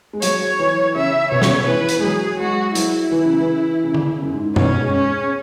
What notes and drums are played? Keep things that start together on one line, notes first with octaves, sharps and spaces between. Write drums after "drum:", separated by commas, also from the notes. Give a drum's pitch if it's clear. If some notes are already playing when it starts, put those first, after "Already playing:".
G#3
F#3 C#5, drum: hi-hat
E3
C#3 E5
B2 C#5
C#3, drum: snare
B2
E3 B4
drum: hi-hat
G#3
F#3 G#4
G#3 F#4
F#3 E4, drum: hi-hat
E3
C#3
E3
C#3
drum: tom
F#2
G#2
B2 C#4, drum: tom F#2
G#3
C#4